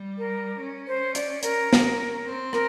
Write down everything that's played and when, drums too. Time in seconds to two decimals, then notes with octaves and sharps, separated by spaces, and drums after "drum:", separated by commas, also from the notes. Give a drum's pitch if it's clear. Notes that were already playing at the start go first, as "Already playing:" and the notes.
Already playing: G3
0.18 A#4
0.60 C#4
0.88 C5
1.15 D5, drum: hi-hat
1.43 A#4, drum: hi-hat
1.73 drum: snare
2.26 C4
2.53 A#4, drum: rim click